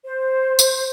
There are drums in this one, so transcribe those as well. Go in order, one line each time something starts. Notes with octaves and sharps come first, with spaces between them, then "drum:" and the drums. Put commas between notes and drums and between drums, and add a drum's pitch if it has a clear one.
C5
drum: tambourine